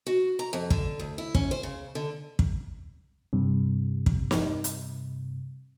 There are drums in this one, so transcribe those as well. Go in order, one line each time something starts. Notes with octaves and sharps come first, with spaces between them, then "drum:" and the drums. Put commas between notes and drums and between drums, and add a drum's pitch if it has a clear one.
F#4
A#5
F2
D3, drum: kick
D2
E4
C#4, drum: kick
C5
C#3
D3
drum: kick
G2 C3
drum: kick
drum: snare
drum: hi-hat